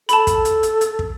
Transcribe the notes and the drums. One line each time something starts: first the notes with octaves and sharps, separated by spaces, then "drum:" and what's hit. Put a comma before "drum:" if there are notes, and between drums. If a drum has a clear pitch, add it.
A4 A5 B5, drum: hi-hat
drum: kick, hi-hat
drum: hi-hat
drum: hi-hat
drum: hi-hat
drum: kick